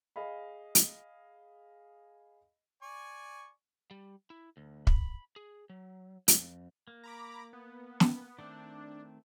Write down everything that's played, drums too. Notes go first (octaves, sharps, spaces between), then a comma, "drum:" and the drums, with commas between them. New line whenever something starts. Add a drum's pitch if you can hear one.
G#4 D#5 F5 B5
drum: hi-hat
D5 G#5 C#6
G3
E4
D2
B5, drum: kick
G#4
F#3
F2, drum: hi-hat
A#3
A#5 B5 D6
B3
drum: snare
D#3 A3 C4 D4